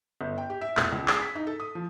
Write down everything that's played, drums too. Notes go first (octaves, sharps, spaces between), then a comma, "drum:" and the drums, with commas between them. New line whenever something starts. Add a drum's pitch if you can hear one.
G1
G5
G4
E5
E1, drum: clap
C#2
G#4, drum: clap
B6
D#4
A4
D#6
F3